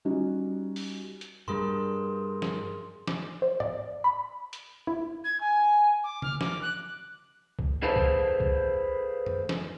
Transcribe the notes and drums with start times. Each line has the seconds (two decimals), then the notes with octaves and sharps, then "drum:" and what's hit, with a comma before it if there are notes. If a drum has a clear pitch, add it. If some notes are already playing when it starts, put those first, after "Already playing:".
0.05 G3 C#4 D#4 F#4
0.76 drum: open hi-hat
1.21 drum: hi-hat
1.48 G2 G3 G#4 A#4 C6
2.42 drum: snare
3.07 D6, drum: snare
3.42 C5
3.60 D5, drum: tom G#2
4.04 B5
4.53 drum: hi-hat
4.87 E4
5.24 G#6
5.40 G#5
6.03 D6
6.22 F6, drum: tom C#3
6.41 D6, drum: snare
6.61 F#6
7.59 drum: kick C2
7.83 G#4 A4 B4 C5 F5 A5
7.96 drum: kick C2
8.40 drum: kick C2
9.26 drum: tom F#2
9.49 drum: snare